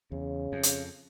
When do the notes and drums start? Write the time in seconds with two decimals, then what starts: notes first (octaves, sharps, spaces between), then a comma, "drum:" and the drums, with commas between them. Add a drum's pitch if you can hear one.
0.12 E2 C#3
0.52 F2
0.63 drum: hi-hat